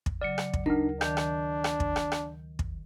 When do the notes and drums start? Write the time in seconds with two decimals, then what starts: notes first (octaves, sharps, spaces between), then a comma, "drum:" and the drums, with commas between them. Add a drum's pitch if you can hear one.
0.06 drum: kick
0.21 C#3 F#3 D5 C#7
0.38 drum: rim click
0.53 drum: kick
0.66 D2 D4 D#4 A#4
1.01 D#3 D4 G6, drum: rim click
1.17 drum: rim click
1.64 drum: rim click
1.80 drum: kick
1.96 drum: rim click
2.12 drum: rim click
2.59 drum: kick